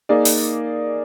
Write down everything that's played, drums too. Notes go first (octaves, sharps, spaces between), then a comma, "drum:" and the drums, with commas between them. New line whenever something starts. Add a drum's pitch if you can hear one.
A#3 D#4 G#4 D5
drum: open hi-hat